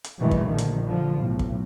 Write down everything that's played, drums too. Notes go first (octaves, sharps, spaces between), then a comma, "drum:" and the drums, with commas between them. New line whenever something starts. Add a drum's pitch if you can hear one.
drum: hi-hat
G2 B2 D#3 E3 G#3 A3
drum: kick
A#1 D3 D#3 F3
drum: hi-hat
D3 F3
B1 A2
drum: kick